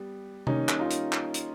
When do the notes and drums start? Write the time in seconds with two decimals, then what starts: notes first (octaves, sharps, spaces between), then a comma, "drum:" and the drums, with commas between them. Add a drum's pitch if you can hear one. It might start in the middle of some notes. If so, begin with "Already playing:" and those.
Already playing: G3 B3
0.47 D#3 G3 A#3 C#4 D#4, drum: tom C3
0.69 drum: clap
0.79 D#4 F4
0.91 drum: hi-hat
1.12 drum: clap
1.34 drum: hi-hat